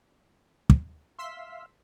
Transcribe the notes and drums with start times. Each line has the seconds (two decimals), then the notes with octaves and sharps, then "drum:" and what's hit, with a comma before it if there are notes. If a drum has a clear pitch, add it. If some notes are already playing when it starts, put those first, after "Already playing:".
0.70 drum: kick
1.19 E5 F5 C6 E6 B6